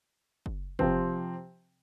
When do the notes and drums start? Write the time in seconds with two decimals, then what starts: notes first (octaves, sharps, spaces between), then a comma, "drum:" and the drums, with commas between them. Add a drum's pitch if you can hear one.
0.46 drum: kick F#1
0.79 C3 F3 C4, drum: kick F#1